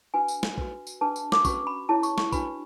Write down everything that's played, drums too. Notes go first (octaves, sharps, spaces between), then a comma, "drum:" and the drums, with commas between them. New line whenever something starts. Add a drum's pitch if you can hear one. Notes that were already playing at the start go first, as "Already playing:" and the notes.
D4 F#4 B4 G#5
drum: tambourine
drum: snare
F#4 B4, drum: kick
drum: tambourine
D4 G#4 B4 A5
drum: tambourine
D6, drum: snare
C#4 F#4 B4 C#6, drum: kick, tambourine
B5
E4 G#4 C#5 A5
C#6, drum: tambourine
C#6, drum: snare
D4 F#4 B4 B5, drum: kick, tambourine